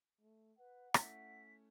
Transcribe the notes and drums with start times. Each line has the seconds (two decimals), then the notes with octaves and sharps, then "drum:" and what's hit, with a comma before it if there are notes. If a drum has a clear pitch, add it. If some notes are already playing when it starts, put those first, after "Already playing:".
0.21 A3
0.58 B4 F#5
0.94 A3 C#4 E4 B6, drum: rim click